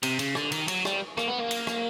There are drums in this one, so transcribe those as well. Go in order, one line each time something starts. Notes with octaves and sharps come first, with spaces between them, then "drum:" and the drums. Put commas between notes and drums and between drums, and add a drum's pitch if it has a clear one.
C3, drum: cymbal
C#3, drum: cymbal
D3, drum: rim click
D#3, drum: cymbal
F#3, drum: cymbal
G3, drum: rim click
A#3, drum: rim click
B3
A#3
drum: cymbal
drum: rim click